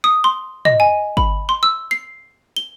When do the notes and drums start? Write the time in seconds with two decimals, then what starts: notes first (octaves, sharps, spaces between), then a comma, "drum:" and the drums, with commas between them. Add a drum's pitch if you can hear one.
0.04 D#6
0.24 C6
0.65 D#5, drum: tom
0.80 G#5
1.17 B5, drum: kick G1
1.49 C6
1.63 E6
1.91 C7
2.57 G7